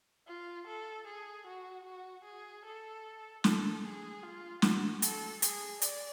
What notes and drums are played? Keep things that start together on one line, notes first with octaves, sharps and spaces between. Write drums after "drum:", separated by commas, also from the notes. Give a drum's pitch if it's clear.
F4
A4
G#4
F#4
F#4
G#4
A4
A4, drum: snare
G#4
F4
F#4, drum: snare
A4, drum: hi-hat
G#4, drum: hi-hat
D5, drum: hi-hat